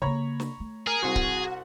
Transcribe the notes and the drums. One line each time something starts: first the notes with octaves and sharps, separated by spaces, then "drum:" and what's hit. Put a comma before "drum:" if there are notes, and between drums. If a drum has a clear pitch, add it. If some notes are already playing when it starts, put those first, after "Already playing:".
C#3 A#3 C#5 A#5 B5
drum: snare
A3
G#4 A#4
C2 C4 F#4 C5
drum: kick D1